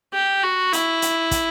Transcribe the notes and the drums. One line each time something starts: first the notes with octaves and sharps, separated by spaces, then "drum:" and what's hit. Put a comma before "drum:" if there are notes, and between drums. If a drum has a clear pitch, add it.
G4
F#4
E4, drum: hi-hat
drum: hi-hat
drum: kick, hi-hat